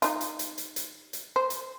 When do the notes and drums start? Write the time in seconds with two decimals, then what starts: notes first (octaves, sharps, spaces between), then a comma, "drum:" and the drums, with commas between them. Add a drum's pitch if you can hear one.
0.02 D#4 F4, drum: hi-hat
0.21 drum: hi-hat
0.39 drum: hi-hat
0.58 drum: hi-hat
0.76 drum: hi-hat
1.13 drum: hi-hat
1.36 C5
1.50 drum: hi-hat